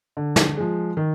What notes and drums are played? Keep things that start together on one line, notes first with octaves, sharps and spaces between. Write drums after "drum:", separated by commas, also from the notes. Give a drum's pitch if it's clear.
D3
drum: snare
F3 G#3
D#3